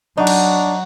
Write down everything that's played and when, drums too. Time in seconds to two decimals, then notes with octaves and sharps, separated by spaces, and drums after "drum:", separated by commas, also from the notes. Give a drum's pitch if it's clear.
0.17 F#3 D4 D#4 F#4 C#5
0.27 drum: cymbal